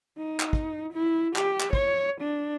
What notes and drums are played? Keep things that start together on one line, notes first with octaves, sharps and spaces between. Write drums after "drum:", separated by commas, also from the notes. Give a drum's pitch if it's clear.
D#4
drum: clap
drum: kick
E4
G4, drum: clap
drum: clap
C#5, drum: kick
D4